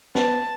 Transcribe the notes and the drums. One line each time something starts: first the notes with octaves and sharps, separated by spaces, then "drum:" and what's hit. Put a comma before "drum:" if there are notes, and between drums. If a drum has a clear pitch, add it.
B3 A5, drum: snare